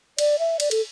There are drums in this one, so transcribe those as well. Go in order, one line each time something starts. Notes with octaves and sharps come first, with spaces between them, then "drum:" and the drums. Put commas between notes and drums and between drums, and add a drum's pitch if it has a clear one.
D5, drum: cymbal
E5
D5, drum: cymbal
A4, drum: cymbal